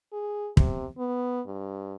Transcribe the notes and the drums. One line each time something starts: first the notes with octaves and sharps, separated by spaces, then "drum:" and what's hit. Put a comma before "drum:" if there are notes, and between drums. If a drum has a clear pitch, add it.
G#4
C3, drum: kick
B3
G2